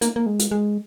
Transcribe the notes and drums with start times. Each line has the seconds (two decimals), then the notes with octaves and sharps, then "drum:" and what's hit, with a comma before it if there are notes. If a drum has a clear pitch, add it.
0.01 A#3, drum: hi-hat
0.16 A#3
0.26 G#3
0.39 drum: hi-hat
0.51 G#3